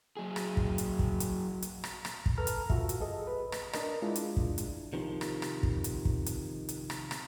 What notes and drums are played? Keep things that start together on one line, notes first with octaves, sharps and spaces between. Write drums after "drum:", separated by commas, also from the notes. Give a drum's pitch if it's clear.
F#3 G#4
drum: rim click
drum: kick
drum: hi-hat
drum: kick
drum: hi-hat
drum: hi-hat
drum: rim click
drum: rim click
drum: kick
A4 B4 A#5 F6
drum: hi-hat
F4 F#4 A4 E5, drum: kick
drum: hi-hat
G2 G#4 A4 D#5
B4
drum: rim click
D4 A#4 D#5, drum: rim click
G#3 D4 E4 F4
drum: hi-hat
drum: kick
drum: hi-hat
C3 D#3 F3
drum: rim click
drum: rim click
drum: kick
drum: hi-hat
drum: kick
drum: hi-hat
drum: hi-hat
drum: rim click
drum: rim click